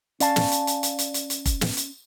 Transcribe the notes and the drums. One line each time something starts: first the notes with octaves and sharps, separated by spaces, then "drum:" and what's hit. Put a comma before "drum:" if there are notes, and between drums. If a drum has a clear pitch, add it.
C#4 D5 F5 A5, drum: hi-hat
drum: snare
drum: hi-hat
drum: hi-hat
drum: hi-hat
drum: hi-hat
drum: hi-hat
drum: hi-hat
drum: kick F1, hi-hat
drum: snare
drum: hi-hat